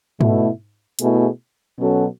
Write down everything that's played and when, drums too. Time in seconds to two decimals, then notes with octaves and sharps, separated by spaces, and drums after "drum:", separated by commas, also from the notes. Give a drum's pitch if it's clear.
0.21 B2 A3 E4, drum: tom G#2
0.99 B2 A3 E4 G#4, drum: hi-hat
1.78 B2 F#3 C#4 F#4 A4